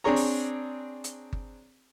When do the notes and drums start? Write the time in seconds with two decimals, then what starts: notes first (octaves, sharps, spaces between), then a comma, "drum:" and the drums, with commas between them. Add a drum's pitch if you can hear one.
0.04 C4 D4 G#4 C#5 A#5
0.16 drum: open hi-hat
1.04 drum: hi-hat
1.33 drum: kick G1